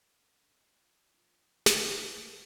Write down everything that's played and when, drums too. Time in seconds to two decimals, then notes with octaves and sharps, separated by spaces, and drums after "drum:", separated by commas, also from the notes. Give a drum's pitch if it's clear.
0.20 C#3
0.36 D3
0.52 G#3
0.67 G3
0.83 F3
0.98 F#3
1.14 F3
1.30 F3
1.66 drum: snare
2.08 D3
2.24 C#3